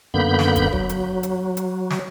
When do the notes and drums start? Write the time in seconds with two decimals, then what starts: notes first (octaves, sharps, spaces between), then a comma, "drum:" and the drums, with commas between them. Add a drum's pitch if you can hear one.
0.14 F#2 D3 A#3 B3 B5 G6
0.39 drum: snare
0.56 drum: kick, hi-hat
0.72 F#3, drum: kick
0.89 drum: hi-hat
1.23 drum: hi-hat
1.57 drum: hi-hat
1.91 drum: snare